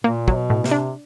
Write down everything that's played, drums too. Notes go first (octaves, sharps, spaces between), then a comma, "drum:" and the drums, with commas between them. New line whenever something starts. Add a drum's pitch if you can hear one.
A#2 A#3
F#3, drum: kick
B2
A2
C3, drum: snare
D4